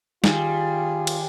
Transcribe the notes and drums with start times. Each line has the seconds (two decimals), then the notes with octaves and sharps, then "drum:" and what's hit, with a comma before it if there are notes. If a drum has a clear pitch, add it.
0.24 D#3 G3 F4 G#4, drum: snare
1.07 drum: cymbal